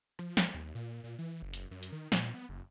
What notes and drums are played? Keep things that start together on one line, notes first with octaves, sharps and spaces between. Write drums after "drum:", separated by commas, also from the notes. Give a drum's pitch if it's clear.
F3
drum: snare
D#2
A#2
A#2
E3
F#1
drum: hi-hat
F#2
drum: hi-hat
D#3
A#2, drum: snare
B3
F#1